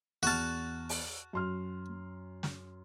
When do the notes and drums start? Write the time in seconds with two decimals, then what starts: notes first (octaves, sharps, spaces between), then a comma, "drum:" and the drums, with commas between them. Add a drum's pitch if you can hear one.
0.23 E2 F#4 A5 F6
0.89 drum: open hi-hat
1.33 F#2 C6 F6
2.43 drum: snare